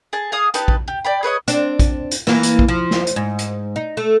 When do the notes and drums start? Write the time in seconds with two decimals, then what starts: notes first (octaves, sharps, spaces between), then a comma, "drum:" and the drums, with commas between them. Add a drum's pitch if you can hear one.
0.13 G#4 A5
0.32 G#4 F5 D#6
0.54 D#4 G4 B4 A5, drum: hi-hat
0.68 drum: kick A#1
0.88 G4
1.05 D5 G5 B5
1.23 G#4 B4 C#5 D#5
1.48 C4 D4, drum: hi-hat
1.79 drum: kick A#1, hi-hat
2.11 drum: hi-hat
2.27 E3 A#3, drum: snare
2.43 drum: hi-hat
2.59 drum: kick A#1
2.68 F3
2.91 drum: snare
3.07 drum: hi-hat
3.16 G#2
3.39 drum: hi-hat
3.76 D#4
3.97 A3